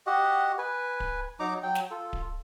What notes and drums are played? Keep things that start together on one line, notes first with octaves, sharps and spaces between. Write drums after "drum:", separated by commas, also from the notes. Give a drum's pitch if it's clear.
F#4 G4 D#5 F#5
B4 G#5
drum: kick D1
F#3 D#4 A#5 D6
F#3 G5
drum: snare
F4 A4
drum: kick D1